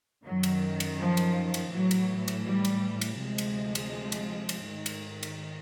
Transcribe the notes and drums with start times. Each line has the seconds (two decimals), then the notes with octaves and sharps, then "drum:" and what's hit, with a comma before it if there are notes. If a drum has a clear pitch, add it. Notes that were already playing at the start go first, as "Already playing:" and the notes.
0.24 F#2 D#3 F#3
0.43 drum: cymbal
0.80 drum: cymbal
0.99 F3
1.17 drum: cymbal
1.54 drum: cymbal
1.73 A2 E3 F#3
1.91 drum: cymbal
2.28 drum: cymbal
2.47 G3
2.65 drum: cymbal
3.01 drum: cymbal
3.19 D2 C3 F3 G#3
3.38 drum: cymbal
3.75 drum: cymbal
4.12 drum: cymbal
4.49 drum: cymbal
4.67 G#2 D#3
4.86 drum: cymbal
5.23 drum: cymbal